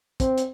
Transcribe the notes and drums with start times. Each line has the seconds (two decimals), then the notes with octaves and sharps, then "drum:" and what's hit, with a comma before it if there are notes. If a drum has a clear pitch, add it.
0.20 C4, drum: kick, hi-hat
0.38 drum: hi-hat